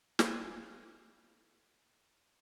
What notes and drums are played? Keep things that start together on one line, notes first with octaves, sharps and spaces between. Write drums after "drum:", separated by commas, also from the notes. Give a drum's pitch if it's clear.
A4 B4 C5 F5 G5 G#5, drum: snare